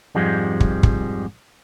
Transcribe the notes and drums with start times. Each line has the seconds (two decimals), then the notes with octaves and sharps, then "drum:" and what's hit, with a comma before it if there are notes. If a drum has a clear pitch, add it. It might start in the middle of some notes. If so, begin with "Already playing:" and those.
0.15 F2 G#2 F3 G3 G#3
0.60 drum: kick
0.83 drum: kick